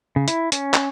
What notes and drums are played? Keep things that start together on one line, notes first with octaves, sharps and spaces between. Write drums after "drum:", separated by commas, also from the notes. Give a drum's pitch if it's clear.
C#3
E4, drum: hi-hat
C#4, drum: hi-hat
drum: clap